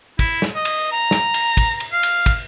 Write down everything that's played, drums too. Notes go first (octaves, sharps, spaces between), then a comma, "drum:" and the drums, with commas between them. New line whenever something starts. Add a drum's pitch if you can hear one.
E4, drum: kick, cymbal
drum: snare
D#5
drum: cymbal
A#5
drum: snare
drum: cymbal
drum: kick, cymbal
drum: cymbal
F5
drum: cymbal
drum: kick, cymbal